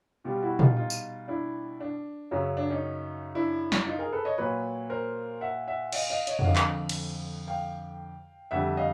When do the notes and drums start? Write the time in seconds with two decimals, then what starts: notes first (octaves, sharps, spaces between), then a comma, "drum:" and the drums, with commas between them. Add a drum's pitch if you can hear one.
0.24 B2 G3 F4 G4
0.42 E4 F#4
0.59 D#4 F4, drum: tom A#2
0.76 D#4 F4
0.90 drum: tambourine
1.28 D4 E4
1.80 D4
2.31 F#2 C#3 F#3 C#4
2.57 D4
2.70 C#4 D#4
3.35 D4 E4
3.72 drum: snare
3.87 D#4 F4
3.99 G#4 A#4
4.12 A4 B4
4.25 C#5 D#5
4.38 A#2 F#3 B4 C#5
4.90 A#4 C5
5.41 E5 F#5
5.67 E5 F#5
5.92 D#5 F5, drum: cymbal
6.10 D#5 F5
6.27 C#5 D#5, drum: hi-hat
6.39 F#5, drum: tom F2
6.44 F2 D3 F3 D#5 F5
6.56 drum: clap
6.89 drum: cymbal
7.48 F5 G5
8.51 F2 D3 G3 E5 F#5
8.77 D#5 F5